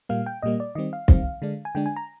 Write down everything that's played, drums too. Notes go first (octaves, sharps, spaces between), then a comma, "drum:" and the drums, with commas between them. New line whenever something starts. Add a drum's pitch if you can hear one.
A#2 G3 A#3 F5
G5
A#2 G3 A#3 D#5
D5
D#3 G3 C4 D#5
F5
D#3 G3 C4, drum: kick
D3 G#3 D4
G#5
D3 G#3 D4 G5
G#5
A#5